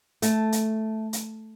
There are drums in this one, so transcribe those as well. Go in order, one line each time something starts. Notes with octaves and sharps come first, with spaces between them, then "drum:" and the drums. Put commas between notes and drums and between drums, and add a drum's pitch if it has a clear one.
A3, drum: hi-hat
drum: hi-hat
drum: hi-hat